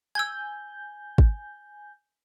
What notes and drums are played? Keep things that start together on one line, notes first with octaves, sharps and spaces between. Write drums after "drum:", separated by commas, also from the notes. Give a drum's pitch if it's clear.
G#5 E6 G6 G#6
drum: kick